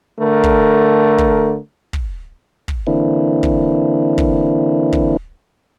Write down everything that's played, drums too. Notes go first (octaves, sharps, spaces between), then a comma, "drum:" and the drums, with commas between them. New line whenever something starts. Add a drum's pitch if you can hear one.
D3 A3 A#4
drum: kick
drum: kick
drum: kick
drum: kick
D3 E3 A#3 C4 D4 E4
drum: kick
drum: kick
drum: kick